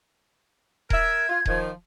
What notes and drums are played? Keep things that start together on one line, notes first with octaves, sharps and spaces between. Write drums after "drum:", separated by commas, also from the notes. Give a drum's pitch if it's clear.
A#4 E5 G#6, drum: kick D#1
F4
D#3 F3, drum: kick D#1